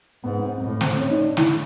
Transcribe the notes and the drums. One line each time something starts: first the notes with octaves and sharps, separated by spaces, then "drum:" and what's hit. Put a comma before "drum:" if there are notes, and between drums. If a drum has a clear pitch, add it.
G#2 B3
C4
A2
C4, drum: snare
C#4
D#4
D4
E4, drum: snare